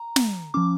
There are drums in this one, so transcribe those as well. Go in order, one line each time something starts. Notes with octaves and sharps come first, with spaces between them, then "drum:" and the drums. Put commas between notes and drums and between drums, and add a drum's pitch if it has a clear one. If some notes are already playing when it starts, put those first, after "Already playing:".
Already playing: A#5
drum: snare
F3 C#4 D6